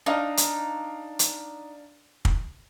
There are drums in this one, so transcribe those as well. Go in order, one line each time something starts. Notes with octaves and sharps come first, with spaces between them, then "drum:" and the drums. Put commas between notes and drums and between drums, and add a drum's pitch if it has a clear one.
D4 D#4 F5
drum: hi-hat
drum: hi-hat
drum: kick